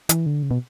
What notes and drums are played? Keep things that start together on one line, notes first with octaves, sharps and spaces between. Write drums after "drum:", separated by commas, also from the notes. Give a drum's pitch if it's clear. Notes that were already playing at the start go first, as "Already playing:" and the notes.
E3, drum: hi-hat
D3
C#3
B2